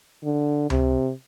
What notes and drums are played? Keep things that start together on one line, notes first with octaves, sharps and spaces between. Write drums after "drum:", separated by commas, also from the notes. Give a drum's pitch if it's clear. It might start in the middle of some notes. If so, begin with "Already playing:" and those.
D3
C3, drum: tom C#2